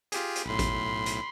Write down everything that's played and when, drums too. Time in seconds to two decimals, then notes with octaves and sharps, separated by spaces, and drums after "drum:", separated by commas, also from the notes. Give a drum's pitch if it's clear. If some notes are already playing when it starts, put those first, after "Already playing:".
0.12 F4 G4 G#4, drum: hi-hat
0.36 drum: hi-hat
0.46 B1 A2 B5 C6
0.59 drum: kick A1, hi-hat
1.06 drum: hi-hat